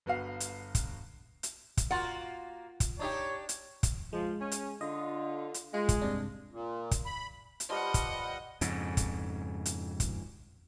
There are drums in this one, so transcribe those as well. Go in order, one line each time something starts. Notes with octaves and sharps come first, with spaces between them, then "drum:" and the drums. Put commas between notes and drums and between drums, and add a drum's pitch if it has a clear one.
G1 B3 F#4 F5
drum: hi-hat
drum: kick, hi-hat
drum: hi-hat
drum: kick, hi-hat
A#3 F4 F#4 F#5
drum: kick, hi-hat
D4 D#4 G4 C#5
drum: hi-hat
drum: kick, hi-hat
F3 G#3
C#4
drum: hi-hat
D3 F4 D#5
drum: hi-hat
G#3 F4
drum: kick, hi-hat
G2 C3 D4
A#2
drum: kick, hi-hat
B5
drum: hi-hat
F3 G3 B4 D#5 F#5
drum: kick, hi-hat
F2 G#2 C#3, drum: hi-hat
drum: kick, hi-hat
drum: hi-hat
drum: kick, hi-hat